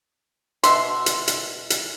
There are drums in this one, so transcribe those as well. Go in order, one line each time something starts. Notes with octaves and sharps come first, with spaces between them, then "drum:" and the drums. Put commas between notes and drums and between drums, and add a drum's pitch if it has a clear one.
B2 E5 C6, drum: hi-hat
drum: hi-hat
drum: hi-hat
drum: hi-hat